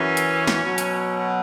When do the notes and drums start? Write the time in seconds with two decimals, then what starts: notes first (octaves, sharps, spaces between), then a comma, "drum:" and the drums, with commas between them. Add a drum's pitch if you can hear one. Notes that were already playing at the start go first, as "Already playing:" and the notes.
Already playing: F#2 E3 C#4
0.17 drum: hi-hat
0.47 drum: snare
0.63 B2 F#3
0.78 drum: hi-hat